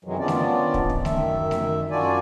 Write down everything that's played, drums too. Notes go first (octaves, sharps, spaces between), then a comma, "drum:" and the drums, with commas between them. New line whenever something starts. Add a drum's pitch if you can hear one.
F#2 C3 D#3 E3 F#3 G#3
D#3 B3 C#4 D4 F4 D5
drum: snare A3
drum: kick
drum: kick
F#2 D#3 E5, drum: snare A3
drum: snare A3
F#2 D4 F4 F#4 D5 G#5